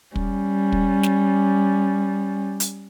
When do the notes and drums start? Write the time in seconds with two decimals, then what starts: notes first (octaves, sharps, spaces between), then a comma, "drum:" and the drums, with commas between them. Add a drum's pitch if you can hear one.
0.16 G3 C#4, drum: kick
0.72 drum: kick
1.03 drum: snare
2.60 drum: hi-hat